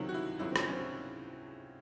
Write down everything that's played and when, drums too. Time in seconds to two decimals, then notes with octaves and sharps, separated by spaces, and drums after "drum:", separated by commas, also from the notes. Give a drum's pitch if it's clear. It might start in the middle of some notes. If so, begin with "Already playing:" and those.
Already playing: C#2 C3 D#3 F#3
0.09 F#4
0.14 E4
0.39 C#2 C3 D#3 F#3 E4
0.51 C4
0.56 C#4, drum: rim click
0.68 C#4
0.72 C4